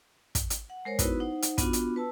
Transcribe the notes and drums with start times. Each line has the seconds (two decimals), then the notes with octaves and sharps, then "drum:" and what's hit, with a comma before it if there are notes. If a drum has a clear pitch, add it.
0.35 drum: kick, hi-hat
0.50 drum: hi-hat
0.70 F#5
0.85 G#3 A#4 C5 C#5
0.99 B3 D#4 E4 F#4 B4, drum: kick, hi-hat
1.20 D#4 C5 F#5
1.42 drum: hi-hat
1.58 B3 D4 F4 F#4, drum: kick, hi-hat
1.73 drum: hi-hat
1.96 B4 A5 E6